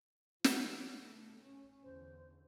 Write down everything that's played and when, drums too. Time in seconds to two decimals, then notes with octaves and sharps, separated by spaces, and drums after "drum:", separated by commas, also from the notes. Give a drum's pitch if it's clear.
0.44 F3, drum: snare
0.92 C#3 A3
1.42 C#4
1.83 E2 D3 C5